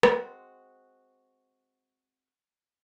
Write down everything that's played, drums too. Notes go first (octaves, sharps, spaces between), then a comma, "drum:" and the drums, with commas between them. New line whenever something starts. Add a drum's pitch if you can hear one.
G#3 C4 F#4, drum: rim click